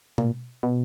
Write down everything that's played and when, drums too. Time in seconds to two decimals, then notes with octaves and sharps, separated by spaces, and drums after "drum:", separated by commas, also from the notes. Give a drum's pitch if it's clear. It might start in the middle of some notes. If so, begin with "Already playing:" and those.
0.18 A#2, drum: tom B2
0.63 B2